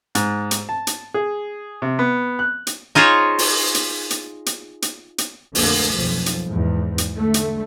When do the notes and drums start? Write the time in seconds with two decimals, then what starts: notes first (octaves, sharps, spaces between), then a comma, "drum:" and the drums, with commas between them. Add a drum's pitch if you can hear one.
0.15 G#2, drum: hi-hat
0.51 drum: hi-hat
0.69 A5
0.87 drum: hi-hat
1.14 G#4
1.82 C3
1.99 B3
2.39 F#6
2.67 drum: hi-hat
2.95 D#4 F4 G#4 C5 C#5
3.39 drum: open hi-hat
3.74 drum: hi-hat
4.10 drum: hi-hat
4.46 drum: hi-hat
4.82 drum: hi-hat
5.18 drum: hi-hat
5.55 A#1 F2 D3 A3 A#3, drum: open hi-hat
5.94 B1 F2 F3
6.26 drum: hi-hat
6.46 E2 G#2
6.98 drum: hi-hat
7.15 D3 A3
7.34 drum: hi-hat